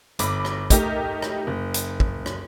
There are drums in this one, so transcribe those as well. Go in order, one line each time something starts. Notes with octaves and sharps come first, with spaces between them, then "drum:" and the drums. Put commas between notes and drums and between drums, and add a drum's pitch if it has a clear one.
G1 B5 D6, drum: hi-hat
drum: rim click
A3 D#4 G4 A#4, drum: kick, hi-hat
drum: rim click
F#1
drum: hi-hat
drum: kick
drum: rim click